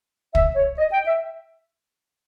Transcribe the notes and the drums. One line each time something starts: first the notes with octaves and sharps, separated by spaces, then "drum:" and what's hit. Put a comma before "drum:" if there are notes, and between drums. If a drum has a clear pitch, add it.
E5, drum: kick
C#5
D#5
G5
E5